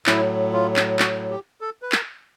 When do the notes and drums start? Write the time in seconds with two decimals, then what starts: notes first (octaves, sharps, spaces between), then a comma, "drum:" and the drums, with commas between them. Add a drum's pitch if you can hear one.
0.06 A2 F#3 E4, drum: clap
0.53 F4
0.76 drum: clap
0.99 F#4, drum: clap
1.30 G4
1.61 A4
1.82 B4
1.92 A#4, drum: clap